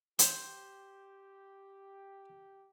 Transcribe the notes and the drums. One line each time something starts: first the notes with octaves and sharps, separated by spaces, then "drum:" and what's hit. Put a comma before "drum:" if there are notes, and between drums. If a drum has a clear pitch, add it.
G4 C5, drum: hi-hat